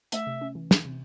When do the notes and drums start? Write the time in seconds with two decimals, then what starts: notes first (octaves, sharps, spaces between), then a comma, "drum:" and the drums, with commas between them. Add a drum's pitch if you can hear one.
0.12 A3 E5, drum: hi-hat
0.27 C3
0.41 C#4
0.55 E3
0.71 E3, drum: snare
0.85 C3